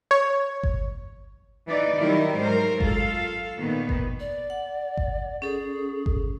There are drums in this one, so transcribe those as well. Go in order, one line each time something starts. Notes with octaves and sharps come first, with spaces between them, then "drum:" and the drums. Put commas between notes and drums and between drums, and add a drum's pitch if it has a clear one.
C#5
drum: kick G1
E3 D#4 D5
D#3 F#3 G3 D#4 E4 A#4
G#2 F#3 A#4 C5
F4 A4 F5, drum: kick G1
A#2 D#3 B3
drum: kick G1
D5
F#5
drum: kick G1
C#4 G#4 A4
drum: kick G1